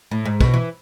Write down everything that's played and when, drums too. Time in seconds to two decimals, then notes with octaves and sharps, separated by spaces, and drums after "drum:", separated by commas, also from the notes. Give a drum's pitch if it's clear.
0.11 A2
0.25 G#2
0.41 B2, drum: kick
0.54 E3